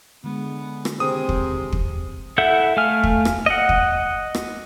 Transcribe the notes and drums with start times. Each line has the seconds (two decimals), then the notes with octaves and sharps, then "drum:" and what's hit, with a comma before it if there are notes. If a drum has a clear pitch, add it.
0.24 D3 G#3 B3
0.85 drum: rim click
1.00 C3 D#3 C4 G#4 D#6
1.29 drum: kick
1.72 drum: kick
2.38 E4 A4 E5 F#5 G6
2.77 A3 F5 G#5 F6
3.03 drum: kick
3.25 drum: rim click
3.46 D#5 F#5
3.69 drum: kick
4.34 drum: rim click